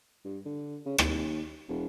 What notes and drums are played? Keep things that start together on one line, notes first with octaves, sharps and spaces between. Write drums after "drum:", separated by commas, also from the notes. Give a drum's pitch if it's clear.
G2
D3
C#3
D#2, drum: rim click
E1